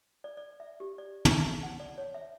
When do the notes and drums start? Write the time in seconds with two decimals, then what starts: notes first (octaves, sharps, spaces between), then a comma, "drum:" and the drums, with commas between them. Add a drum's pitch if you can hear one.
0.24 D5
0.37 D5
0.60 E5
0.80 G4
0.98 D5
1.25 E5, drum: tom
1.38 A5
1.63 F#5
1.80 D5
1.98 C#5
2.14 E5